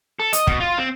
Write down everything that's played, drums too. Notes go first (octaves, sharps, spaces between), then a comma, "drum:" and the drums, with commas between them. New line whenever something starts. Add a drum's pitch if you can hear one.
A4
D#5, drum: hi-hat
B2, drum: kick
F4
C4